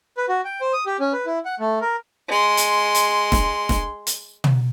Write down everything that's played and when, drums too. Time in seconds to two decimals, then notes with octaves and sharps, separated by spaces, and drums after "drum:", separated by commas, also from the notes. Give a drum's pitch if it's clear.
0.17 B4
0.29 F#4
0.45 G5
0.61 C5
0.73 D#6
0.86 G4
1.00 C#4
1.13 B4
1.26 E4
1.45 F#5
1.60 A3
1.81 A#4
2.28 G#3 C6
2.57 drum: hi-hat
2.95 drum: hi-hat
3.32 drum: snare E1
3.69 drum: snare E1
4.07 drum: hi-hat
4.44 drum: tom